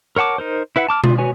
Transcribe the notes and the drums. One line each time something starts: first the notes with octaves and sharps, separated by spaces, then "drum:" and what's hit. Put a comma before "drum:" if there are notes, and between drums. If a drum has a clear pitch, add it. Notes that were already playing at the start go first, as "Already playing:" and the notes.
A#4 C#5 F#5 A5 D6
D#4 A#4 C5
E4 B4 E5 F#5
A5 D6 F6
F4, drum: tom B2
F#4 B4 C#5 G#5